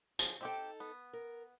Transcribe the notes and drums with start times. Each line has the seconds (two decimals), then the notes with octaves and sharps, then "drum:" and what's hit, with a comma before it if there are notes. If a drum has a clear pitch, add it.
0.19 F3 G#4, drum: tambourine
0.41 C4 D#4 G4 A4 G5
0.80 B3
1.13 A#4